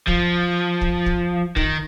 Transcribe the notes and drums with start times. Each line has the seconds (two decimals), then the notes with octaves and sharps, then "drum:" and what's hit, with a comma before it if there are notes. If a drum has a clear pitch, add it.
0.08 F3, drum: kick
0.81 drum: kick
1.06 drum: kick
1.56 D#3, drum: kick